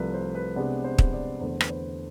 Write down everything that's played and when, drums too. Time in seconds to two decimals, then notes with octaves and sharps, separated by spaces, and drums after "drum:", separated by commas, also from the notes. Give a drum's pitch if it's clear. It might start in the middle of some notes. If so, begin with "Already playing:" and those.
Already playing: C2 C3 F3 A3 B4 D5
0.14 C5
0.35 B4
0.56 C3 G#3 B3 D4 C5
0.84 C5
0.98 drum: kick
1.13 D5
1.40 E2 D3 A3 C5
1.61 B4, drum: rim click
1.70 C5